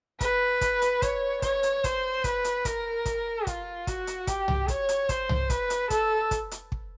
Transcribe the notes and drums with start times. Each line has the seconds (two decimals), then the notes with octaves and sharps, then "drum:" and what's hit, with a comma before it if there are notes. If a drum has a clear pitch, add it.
0.21 B4, drum: kick, hi-hat
0.61 drum: kick, hi-hat
0.82 drum: hi-hat
1.02 C#5, drum: kick, hi-hat
1.42 C#5, drum: kick, hi-hat
1.63 drum: hi-hat
1.84 C5, drum: kick, hi-hat
2.24 B4, drum: kick, hi-hat
2.44 drum: hi-hat
2.65 A#4, drum: kick, hi-hat
3.06 drum: kick, hi-hat
3.47 F4, drum: kick, hi-hat
3.87 F#4, drum: kick, hi-hat
4.07 drum: hi-hat
4.27 G4, drum: kick, hi-hat
4.48 drum: tom C2
4.68 C#5, drum: kick, hi-hat
4.89 drum: hi-hat
5.09 C5, drum: kick, hi-hat
5.29 drum: tom C2
5.50 B4, drum: kick, hi-hat
5.70 drum: hi-hat
5.90 A4, drum: kick, hi-hat
6.31 drum: kick, hi-hat
6.51 drum: hi-hat
6.72 drum: kick